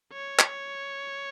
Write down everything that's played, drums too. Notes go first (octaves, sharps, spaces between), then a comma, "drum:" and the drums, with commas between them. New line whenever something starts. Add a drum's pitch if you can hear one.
C#5
drum: clap